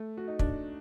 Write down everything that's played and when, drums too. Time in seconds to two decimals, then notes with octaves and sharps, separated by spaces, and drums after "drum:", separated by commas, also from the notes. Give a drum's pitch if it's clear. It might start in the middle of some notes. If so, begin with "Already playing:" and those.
Already playing: A3
0.17 F#4
0.28 D#4
0.39 D4, drum: kick